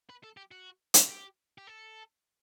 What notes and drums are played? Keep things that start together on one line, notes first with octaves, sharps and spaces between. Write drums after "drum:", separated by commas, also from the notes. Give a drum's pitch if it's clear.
B4
A4
G4
F#4
drum: hi-hat
G4
G4
A4